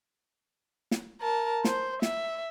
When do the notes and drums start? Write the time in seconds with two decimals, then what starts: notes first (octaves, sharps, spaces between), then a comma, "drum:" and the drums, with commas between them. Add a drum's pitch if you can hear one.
0.91 drum: snare
1.21 A#4 A5
1.64 C5, drum: snare
2.02 E5, drum: snare